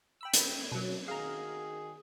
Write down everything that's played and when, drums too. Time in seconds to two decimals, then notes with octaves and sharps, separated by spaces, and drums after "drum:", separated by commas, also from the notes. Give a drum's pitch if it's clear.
0.21 G5 B5 E6
0.34 drum: hi-hat
0.72 B2 F#3
1.08 D#3 F#4 G#4 F5 A#5